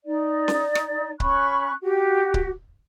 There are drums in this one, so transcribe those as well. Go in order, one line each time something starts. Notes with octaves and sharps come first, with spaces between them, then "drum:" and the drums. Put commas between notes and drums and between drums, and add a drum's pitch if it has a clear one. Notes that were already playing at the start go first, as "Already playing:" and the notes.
D#4 D5
drum: snare C#4
drum: rim click
C#4 B5 C#6 F#6, drum: kick C#1
F#4 G4
drum: kick C#1